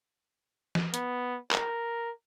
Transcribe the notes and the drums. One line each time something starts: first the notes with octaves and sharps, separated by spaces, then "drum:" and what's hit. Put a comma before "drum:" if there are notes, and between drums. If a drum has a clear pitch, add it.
drum: snare
B3, drum: hi-hat
A#4, drum: clap